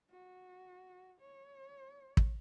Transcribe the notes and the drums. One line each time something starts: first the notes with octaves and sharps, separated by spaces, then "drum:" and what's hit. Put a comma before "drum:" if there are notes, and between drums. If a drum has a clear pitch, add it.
F#4
C#5
drum: kick